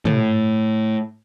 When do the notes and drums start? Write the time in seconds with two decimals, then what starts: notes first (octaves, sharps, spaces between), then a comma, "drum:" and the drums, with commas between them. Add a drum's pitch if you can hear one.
0.05 A2, drum: tom